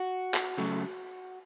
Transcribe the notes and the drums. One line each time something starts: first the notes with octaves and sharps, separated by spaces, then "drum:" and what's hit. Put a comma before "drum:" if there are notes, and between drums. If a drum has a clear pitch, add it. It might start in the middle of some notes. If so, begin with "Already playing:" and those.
Already playing: F#4
drum: clap
C#3 F#3 A3